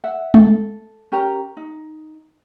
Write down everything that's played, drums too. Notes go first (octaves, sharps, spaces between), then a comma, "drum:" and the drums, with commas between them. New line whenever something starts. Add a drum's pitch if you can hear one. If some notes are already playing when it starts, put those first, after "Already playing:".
E5 F#5
A4, drum: tom G#3
C#4 G4 A#4 A#5
D#4